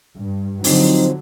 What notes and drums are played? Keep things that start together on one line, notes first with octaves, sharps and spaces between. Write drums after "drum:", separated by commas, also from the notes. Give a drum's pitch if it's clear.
G2
D3 F3 F#3 C4 D#4, drum: open hi-hat